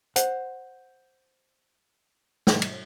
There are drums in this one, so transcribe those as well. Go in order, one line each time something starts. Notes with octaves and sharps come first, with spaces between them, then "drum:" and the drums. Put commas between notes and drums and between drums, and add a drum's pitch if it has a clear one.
C5 F#5, drum: hi-hat
drum: snare
drum: cymbal